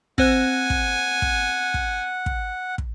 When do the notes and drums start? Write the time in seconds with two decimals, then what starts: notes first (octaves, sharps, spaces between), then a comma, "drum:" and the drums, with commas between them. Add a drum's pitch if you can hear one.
0.18 C4 C5 F#5 G#5 F#6, drum: kick
0.70 drum: kick
1.22 drum: kick
1.74 drum: kick
2.26 drum: kick
2.78 drum: kick